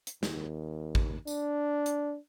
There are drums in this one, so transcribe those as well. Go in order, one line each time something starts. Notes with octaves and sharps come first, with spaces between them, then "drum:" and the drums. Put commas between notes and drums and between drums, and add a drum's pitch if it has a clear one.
drum: hi-hat
D#2, drum: snare
drum: kick
D4, drum: tambourine
drum: hi-hat